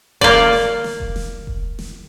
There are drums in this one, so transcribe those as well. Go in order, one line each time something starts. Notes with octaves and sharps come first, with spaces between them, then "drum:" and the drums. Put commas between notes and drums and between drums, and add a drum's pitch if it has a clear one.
A#3 D5, drum: kick E1
drum: snare
drum: snare
drum: kick E1
drum: snare
drum: kick E1
drum: snare